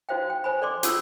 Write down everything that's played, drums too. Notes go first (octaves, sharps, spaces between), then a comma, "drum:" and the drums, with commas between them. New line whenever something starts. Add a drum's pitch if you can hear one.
D#4 F#4 C5 F5 G5
G5
C5 G#5 B5
A4 D5 C6 D6
C#4 F4 D#6 E6, drum: hi-hat